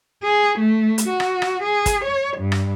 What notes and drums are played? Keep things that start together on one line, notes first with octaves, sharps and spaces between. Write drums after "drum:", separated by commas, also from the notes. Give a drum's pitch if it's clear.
G#4
A3
drum: hi-hat
F#4
drum: rim click
drum: rim click
G#4
drum: kick, hi-hat
C#5
G2
drum: rim click